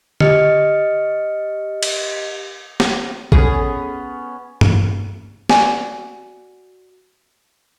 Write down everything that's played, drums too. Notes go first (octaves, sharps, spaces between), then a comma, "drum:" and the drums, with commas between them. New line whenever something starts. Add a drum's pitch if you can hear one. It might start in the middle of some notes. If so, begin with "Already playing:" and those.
G4 D#5 F6 C#7, drum: tom D3
drum: cymbal
drum: snare
B3 C#4 G#4, drum: kick A1
drum: tom G2
F#4 D5 G#5, drum: snare